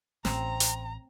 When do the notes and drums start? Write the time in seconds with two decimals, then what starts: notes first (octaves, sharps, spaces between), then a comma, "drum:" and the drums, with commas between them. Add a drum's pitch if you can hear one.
0.25 A1 C4 A#5, drum: snare
0.60 drum: hi-hat